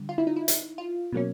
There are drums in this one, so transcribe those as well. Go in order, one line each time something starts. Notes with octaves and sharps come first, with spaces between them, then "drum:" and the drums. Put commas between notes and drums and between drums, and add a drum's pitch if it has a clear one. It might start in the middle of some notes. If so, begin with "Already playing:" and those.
Already playing: D3 G3
F4
E4
D#4
E4
drum: hi-hat
F4
B2 F#3 A#3 C#4